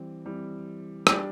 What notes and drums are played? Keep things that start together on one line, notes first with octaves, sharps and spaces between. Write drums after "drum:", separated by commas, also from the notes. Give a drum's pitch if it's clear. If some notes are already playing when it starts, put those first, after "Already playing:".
Already playing: E3 G3 C4
E3 G3 C4
G3 D4 G4, drum: rim click